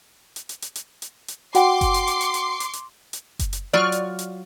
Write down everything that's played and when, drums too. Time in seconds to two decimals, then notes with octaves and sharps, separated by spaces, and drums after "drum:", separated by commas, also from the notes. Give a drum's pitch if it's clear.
0.36 drum: hi-hat
0.49 drum: hi-hat
0.62 drum: hi-hat
0.75 drum: hi-hat
1.02 drum: hi-hat
1.28 drum: hi-hat
1.55 F#4 F#5 G5 C6 D6 C7, drum: hi-hat
1.81 drum: kick F#1, hi-hat
1.94 drum: hi-hat
2.07 drum: hi-hat
2.21 drum: hi-hat
2.34 drum: hi-hat
2.60 drum: hi-hat
2.73 drum: hi-hat
3.13 drum: hi-hat
3.39 drum: kick F#1, hi-hat
3.53 drum: hi-hat
3.73 F#3 F4 D5 C#6 F6
3.92 drum: hi-hat
4.19 drum: hi-hat